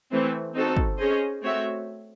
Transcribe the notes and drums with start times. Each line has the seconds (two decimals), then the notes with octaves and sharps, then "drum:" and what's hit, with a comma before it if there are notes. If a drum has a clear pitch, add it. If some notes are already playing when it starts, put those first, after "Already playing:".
0.12 E3 A3 C4
0.55 C4 D#4 F#4 A4
0.77 drum: kick
0.99 C#4 G#4 C5 D#5
1.42 A3 C4 F#4 C#5 E5